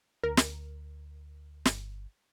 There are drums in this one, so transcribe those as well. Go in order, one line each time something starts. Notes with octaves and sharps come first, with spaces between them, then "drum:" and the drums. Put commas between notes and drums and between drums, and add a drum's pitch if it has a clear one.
D2 A#4
drum: snare
G1, drum: snare